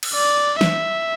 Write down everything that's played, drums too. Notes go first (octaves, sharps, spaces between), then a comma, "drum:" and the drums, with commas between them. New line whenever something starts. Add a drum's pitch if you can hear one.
drum: cymbal
D5
E5, drum: snare